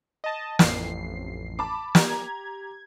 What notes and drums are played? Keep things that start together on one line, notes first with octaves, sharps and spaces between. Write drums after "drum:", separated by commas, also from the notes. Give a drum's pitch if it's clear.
D#5 A5
A1 F2 C7, drum: snare
A5 B5 D6
G4 A#5 G#6, drum: snare